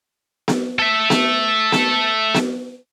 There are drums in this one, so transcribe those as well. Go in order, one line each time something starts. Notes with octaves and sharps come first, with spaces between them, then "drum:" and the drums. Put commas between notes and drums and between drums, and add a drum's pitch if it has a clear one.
drum: snare B3
A4 E5
drum: snare B3
drum: snare B3
drum: snare B3